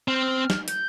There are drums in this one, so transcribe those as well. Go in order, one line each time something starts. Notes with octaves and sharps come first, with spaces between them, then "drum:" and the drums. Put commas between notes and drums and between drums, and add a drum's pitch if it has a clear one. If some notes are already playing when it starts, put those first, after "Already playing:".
C4 F6
drum: snare
G6, drum: hi-hat